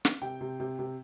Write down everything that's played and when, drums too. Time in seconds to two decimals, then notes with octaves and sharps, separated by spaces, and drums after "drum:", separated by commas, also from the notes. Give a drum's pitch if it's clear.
0.05 drum: snare
0.22 C3 G5
0.41 C3
0.60 C3
0.79 C3